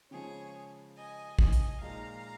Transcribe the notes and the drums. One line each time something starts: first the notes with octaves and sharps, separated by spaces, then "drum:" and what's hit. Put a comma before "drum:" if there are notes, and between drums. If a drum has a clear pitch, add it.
C#3 F3 G#3 G#4 C#5
D#5 G#5
D#5 G#5, drum: kick
drum: hi-hat
A#2 F3 G#3 D#4 F5 A#5